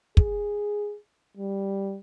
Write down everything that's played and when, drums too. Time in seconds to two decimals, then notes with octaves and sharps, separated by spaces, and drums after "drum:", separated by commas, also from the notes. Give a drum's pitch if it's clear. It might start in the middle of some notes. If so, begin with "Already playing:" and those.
0.17 G#4, drum: kick
1.37 G3